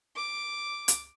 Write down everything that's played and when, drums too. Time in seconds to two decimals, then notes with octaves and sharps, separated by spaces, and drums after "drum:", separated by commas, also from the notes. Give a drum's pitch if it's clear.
0.16 D6
0.88 drum: hi-hat